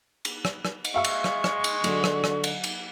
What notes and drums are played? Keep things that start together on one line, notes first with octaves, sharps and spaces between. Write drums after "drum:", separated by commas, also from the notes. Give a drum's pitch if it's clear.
drum: cymbal
drum: rim click
drum: rim click
drum: cymbal
G#3 E5 F5 C#6 E6
drum: cymbal
drum: rim click
drum: rim click
drum: cymbal
D3 F#3, drum: cymbal
drum: rim click
drum: rim click
drum: cymbal
drum: cymbal